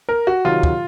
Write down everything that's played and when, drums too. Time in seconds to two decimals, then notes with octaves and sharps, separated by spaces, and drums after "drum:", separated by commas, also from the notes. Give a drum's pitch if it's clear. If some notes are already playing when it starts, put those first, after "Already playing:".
0.09 A#4
0.27 F#4
0.45 C3 D#3 F#3 F4
0.63 drum: kick